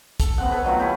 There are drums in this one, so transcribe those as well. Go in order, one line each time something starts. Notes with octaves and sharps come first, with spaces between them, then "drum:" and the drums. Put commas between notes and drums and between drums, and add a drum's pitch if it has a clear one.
A4, drum: kick, hi-hat
B3 C4 F#5
A4 B4 C#5
D#3 F#3 A3 F4
C#3 C#4 E4 G5